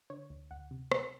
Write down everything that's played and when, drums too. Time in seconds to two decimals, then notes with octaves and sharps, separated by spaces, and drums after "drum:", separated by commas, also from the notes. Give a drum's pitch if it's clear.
0.10 D3 C#5
0.30 D2
0.51 D2 F#5
0.71 C3
0.92 C3, drum: rim click